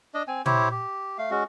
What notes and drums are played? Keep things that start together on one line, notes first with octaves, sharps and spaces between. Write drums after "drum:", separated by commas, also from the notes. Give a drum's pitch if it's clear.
D4 D#5
C4 G#5
E4 G4 C5 C#5, drum: tom
G4
A3 F5
G#3 C#4 F#4